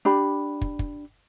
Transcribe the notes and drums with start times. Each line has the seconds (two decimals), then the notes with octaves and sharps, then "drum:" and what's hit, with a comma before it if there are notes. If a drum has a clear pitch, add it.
0.05 D4 G4 B5
0.61 drum: kick
0.79 drum: kick